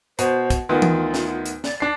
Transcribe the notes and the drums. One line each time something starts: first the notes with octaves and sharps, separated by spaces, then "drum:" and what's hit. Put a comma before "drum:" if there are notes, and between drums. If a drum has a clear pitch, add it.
B2 C5, drum: hi-hat
drum: kick, hi-hat
D2 D#3 B3 F4
drum: tom E3
drum: snare
drum: hi-hat
D5, drum: snare
D4 A5 C7